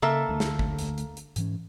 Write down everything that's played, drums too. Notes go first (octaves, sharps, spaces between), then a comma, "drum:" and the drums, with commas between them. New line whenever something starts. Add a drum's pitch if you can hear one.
C#3 A#3 A4 E5
D2 A3
drum: snare
drum: kick G#1
drum: hi-hat
drum: hi-hat
drum: hi-hat
G#2 E3 C#4, drum: hi-hat